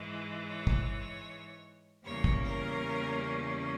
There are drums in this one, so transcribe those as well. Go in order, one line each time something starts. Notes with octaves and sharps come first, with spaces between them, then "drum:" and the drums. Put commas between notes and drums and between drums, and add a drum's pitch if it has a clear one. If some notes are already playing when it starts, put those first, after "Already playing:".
Already playing: G#2 E3 G#3
C#5
drum: kick
E2 C#3 G3 A#3 C#4 C#5
drum: kick
A#4